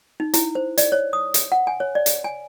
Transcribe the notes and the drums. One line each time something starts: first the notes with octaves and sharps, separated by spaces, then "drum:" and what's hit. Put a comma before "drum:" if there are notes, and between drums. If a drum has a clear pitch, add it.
D#4
E4, drum: hi-hat
C5
D5, drum: hi-hat
C#5
D#6
drum: hi-hat
F#5
G#5
C#5
D5
drum: hi-hat
G#5